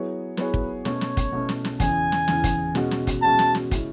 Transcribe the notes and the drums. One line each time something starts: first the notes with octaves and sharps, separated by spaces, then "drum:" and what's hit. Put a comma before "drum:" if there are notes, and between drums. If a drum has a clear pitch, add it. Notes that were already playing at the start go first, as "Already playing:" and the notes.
Already playing: F#3 B3 E4 G#4 C#5
F#3 B3 E4 G#4 B4 C#5, drum: snare
drum: kick
B2 A3 C#4 C#5, drum: snare
drum: snare
drum: kick, hi-hat
B2 A3 C#4
drum: snare
drum: snare
E2 C#3 E3 G#5, drum: kick, hi-hat
drum: snare
E2 C#3 E3, drum: snare
drum: kick, hi-hat
B2 G#3 C#4 F#4, drum: snare
drum: snare
drum: kick, hi-hat
B2 G#3 C#4 F#4 A5
drum: snare
drum: snare
C#3 G#3 C#4 E4, drum: kick, hi-hat